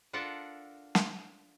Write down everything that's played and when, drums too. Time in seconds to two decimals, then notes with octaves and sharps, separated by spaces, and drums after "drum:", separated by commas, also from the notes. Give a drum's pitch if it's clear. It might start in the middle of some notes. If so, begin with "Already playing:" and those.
0.13 D4 F4 A4 A#4 E5 F#5
0.95 drum: snare